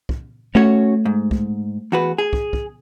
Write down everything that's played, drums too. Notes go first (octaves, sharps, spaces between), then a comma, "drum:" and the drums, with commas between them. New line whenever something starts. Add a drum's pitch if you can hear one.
drum: kick
A3 C#4 F#4 C#5
G#2
drum: kick
E2 F#4 B4
G#4
drum: kick
drum: kick